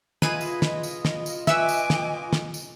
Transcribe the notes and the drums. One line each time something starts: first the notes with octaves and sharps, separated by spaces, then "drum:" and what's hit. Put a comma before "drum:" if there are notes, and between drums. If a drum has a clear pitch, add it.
E4 F4 G#4 B4 D#5 D#7, drum: snare
drum: tambourine
drum: snare
drum: tambourine
drum: snare
drum: tambourine
B4 E5 G#5 C#6 D6 E6, drum: snare
drum: tambourine
drum: snare
drum: snare
drum: tambourine